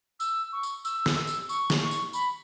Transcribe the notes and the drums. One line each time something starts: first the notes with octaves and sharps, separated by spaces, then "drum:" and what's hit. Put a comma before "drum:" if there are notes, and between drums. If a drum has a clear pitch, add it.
E6, drum: tambourine
C#6
drum: tambourine
E6, drum: tambourine
drum: snare
E6
drum: tambourine
C#6, drum: tambourine
drum: snare
C#6
drum: tambourine
B5, drum: tambourine